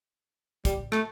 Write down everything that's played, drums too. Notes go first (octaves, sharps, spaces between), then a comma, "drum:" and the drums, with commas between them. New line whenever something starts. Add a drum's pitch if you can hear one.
G3, drum: kick, hi-hat
A3, drum: rim click